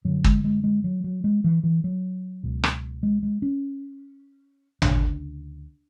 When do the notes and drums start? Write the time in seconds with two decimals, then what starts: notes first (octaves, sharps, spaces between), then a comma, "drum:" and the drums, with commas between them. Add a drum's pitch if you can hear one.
0.05 F#2 D3 F#3
0.24 G#3, drum: kick
0.44 G#3
0.64 G#3
0.84 F#3
1.04 F#3
1.24 G#3
1.44 E3
1.63 E3
1.84 F#3
2.43 C#2 B2
2.64 drum: rim click
3.03 G#3
3.23 G#3
3.42 C#4
4.82 D2 C#3 D4, drum: tom